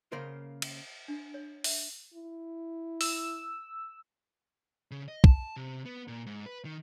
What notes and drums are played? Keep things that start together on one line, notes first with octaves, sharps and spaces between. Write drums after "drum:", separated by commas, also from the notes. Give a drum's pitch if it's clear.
C#3 A#3 A#4 C5
drum: cymbal
D4
C#5
E5, drum: open hi-hat
E4
E6, drum: open hi-hat
C#3
D#5
A5, drum: kick
C3
B3
A#2
G#2
B4
D#3